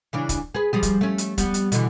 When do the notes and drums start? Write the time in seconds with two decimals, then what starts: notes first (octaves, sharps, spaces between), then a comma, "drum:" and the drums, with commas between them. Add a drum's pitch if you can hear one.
0.13 C#3 E3 D4
0.29 drum: kick, hi-hat
0.54 G#4 B4
0.73 F3 G3 G#4
0.83 drum: kick, hi-hat
1.01 A3 C#4
1.18 drum: hi-hat
1.38 G3 B3, drum: kick, hi-hat
1.54 drum: hi-hat
1.72 B2 D3 E3, drum: hi-hat